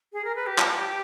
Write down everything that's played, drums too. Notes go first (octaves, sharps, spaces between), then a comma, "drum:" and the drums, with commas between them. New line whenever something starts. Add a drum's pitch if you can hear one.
G#4
A#4
B4
G4
drum: clap